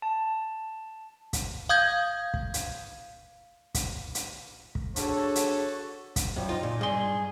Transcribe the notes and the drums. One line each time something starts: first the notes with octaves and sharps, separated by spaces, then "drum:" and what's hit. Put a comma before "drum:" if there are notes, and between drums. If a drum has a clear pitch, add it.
A5
drum: kick, hi-hat
F5 D#6 G6 G#6
drum: kick
drum: hi-hat
drum: kick, hi-hat
drum: hi-hat
drum: kick
D4 F#4 G#4 A4 C#5, drum: hi-hat
drum: hi-hat
drum: kick, hi-hat
F#2 F3 G3
D#4 F4
A#2
G2 G#4 C6